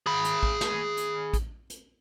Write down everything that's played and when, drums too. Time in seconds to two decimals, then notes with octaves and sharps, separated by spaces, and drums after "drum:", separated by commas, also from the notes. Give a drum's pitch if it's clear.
0.06 G#4 B5
0.25 drum: hi-hat
0.43 drum: kick A1
0.61 drum: snare
0.97 drum: hi-hat
1.33 drum: kick A1, hi-hat
1.70 drum: hi-hat